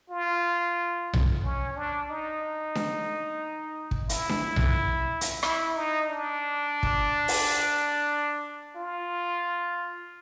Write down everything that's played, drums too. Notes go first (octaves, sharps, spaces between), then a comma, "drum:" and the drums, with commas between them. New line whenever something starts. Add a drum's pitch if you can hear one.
F4
drum: tom B1
C#4
D4
D#4
drum: snare D4
drum: kick
E4, drum: hi-hat
drum: snare D4
drum: tom B1
drum: hi-hat
E4, drum: rim click
D#4
D4
drum: kick
drum: open hi-hat
F4